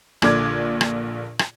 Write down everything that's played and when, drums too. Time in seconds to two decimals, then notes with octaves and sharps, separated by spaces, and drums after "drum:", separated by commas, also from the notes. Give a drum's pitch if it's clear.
0.22 A#1 A#2 D3 D5 D6 G#6, drum: rim click
0.81 drum: rim click
1.39 drum: rim click